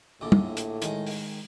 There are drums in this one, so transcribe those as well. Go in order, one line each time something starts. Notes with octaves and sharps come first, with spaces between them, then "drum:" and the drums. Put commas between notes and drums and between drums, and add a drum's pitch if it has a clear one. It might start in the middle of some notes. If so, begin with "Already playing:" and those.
A#1 A2 D3
drum: tom
drum: hi-hat
D#3 G#3, drum: hi-hat
drum: open hi-hat